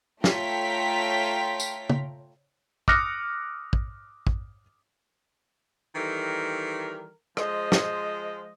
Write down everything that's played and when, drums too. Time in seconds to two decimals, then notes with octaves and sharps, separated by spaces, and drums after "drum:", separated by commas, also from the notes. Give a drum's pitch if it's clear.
0.24 A3 F4 C#5 G5 A#5 B6, drum: snare
1.60 drum: tambourine
1.90 drum: tom
2.88 D6 D#6 F6 F#6 A#6 C#7, drum: kick
3.73 drum: kick
4.27 drum: kick
5.95 D#3 E3 G3 A4 A#4
7.37 F3 G#3 C5 D#5, drum: rim click
7.72 drum: snare